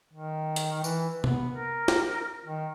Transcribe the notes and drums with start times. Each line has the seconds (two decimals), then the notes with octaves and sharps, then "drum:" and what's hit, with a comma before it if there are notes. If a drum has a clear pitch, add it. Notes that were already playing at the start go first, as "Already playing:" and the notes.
0.13 D#3
0.56 drum: hi-hat
0.84 E3, drum: tambourine
1.24 B3, drum: tom
1.55 A#4
1.88 drum: snare
2.45 D#3